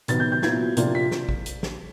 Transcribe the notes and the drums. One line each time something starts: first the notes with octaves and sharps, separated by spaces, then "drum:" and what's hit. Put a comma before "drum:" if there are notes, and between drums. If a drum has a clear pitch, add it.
C3 D#3 F#3 B3 A6, drum: hi-hat
G6
G6
A#2 F#3 B3 E4 G#6, drum: snare
C3 F3 A#3 D4 F4, drum: hi-hat
B6
drum: snare
drum: kick A1
drum: hi-hat
drum: snare